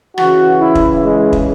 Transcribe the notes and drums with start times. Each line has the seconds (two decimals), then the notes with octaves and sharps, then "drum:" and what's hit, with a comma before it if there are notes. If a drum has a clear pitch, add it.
0.18 C#3 E3 F#4, drum: rim click
0.60 E4
0.75 drum: kick
1.05 G#3
1.33 drum: kick